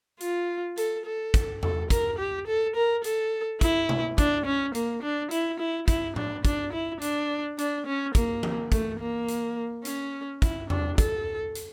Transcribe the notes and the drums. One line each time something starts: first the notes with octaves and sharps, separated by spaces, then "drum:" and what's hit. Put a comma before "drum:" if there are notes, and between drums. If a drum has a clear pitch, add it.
F4, drum: hi-hat
A4, drum: hi-hat
A4
drum: kick, hi-hat
A4, drum: tom E2
A#4, drum: kick, hi-hat
G4
A4
A#4
A4, drum: hi-hat
E4, drum: kick, hi-hat
drum: tom B2
D4, drum: kick, hi-hat
C#4
A#3, drum: hi-hat
D4
E4, drum: hi-hat
E4
E4, drum: kick, hi-hat
D4, drum: tom A2
D4, drum: kick, hi-hat
E4
D4, drum: hi-hat
D4, drum: hi-hat
C#4
A#3, drum: kick, hi-hat
drum: tom E3
A3, drum: kick, hi-hat
A#3
drum: hi-hat
C#4, drum: hi-hat
E4, drum: kick, hi-hat
D4, drum: tom E2
A4, drum: kick, hi-hat
drum: hi-hat